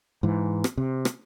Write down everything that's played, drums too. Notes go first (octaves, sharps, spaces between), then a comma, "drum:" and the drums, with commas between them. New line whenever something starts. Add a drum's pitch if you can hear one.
G#2 E3
drum: rim click
C3
drum: rim click